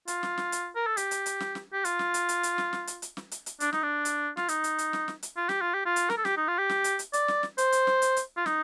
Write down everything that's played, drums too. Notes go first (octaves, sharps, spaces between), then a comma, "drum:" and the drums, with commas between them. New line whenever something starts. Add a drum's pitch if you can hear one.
F4, drum: hi-hat
drum: snare
drum: snare
drum: hi-hat
A#4
A4
G4, drum: hi-hat
drum: hi-hat
drum: hi-hat
drum: snare
drum: snare
G4
F4, drum: hi-hat
drum: snare
drum: hi-hat
drum: hi-hat
drum: hi-hat
drum: snare
drum: snare
drum: hi-hat
drum: hi-hat
drum: snare
drum: hi-hat
drum: hi-hat
D4, drum: hi-hat
D#4, drum: snare
D4
drum: hi-hat
F4, drum: snare
D#4, drum: hi-hat
drum: hi-hat
drum: hi-hat
drum: snare
drum: snare
drum: hi-hat
F4
G4, drum: snare
F4
G4
F4
drum: hi-hat
A#4, drum: snare
A4
G4, drum: snare
D#4
F4
G4
drum: snare
drum: hi-hat
drum: hi-hat
D5, drum: hi-hat
drum: snare
drum: snare
C5, drum: hi-hat
drum: hi-hat
drum: snare
drum: hi-hat
drum: hi-hat
F4
D#4, drum: snare